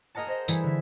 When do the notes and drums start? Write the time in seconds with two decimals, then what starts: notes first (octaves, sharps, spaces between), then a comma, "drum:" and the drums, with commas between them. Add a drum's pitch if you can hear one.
0.15 G#4 A#4 D#5 F#5 A5
0.27 G#4 C5 D#5
0.48 E3 G3 E4 G#4 A4, drum: tambourine
0.64 D3 E5